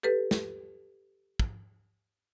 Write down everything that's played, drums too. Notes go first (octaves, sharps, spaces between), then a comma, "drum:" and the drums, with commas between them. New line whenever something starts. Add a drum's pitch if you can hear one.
G4 A4 B4
drum: snare
drum: kick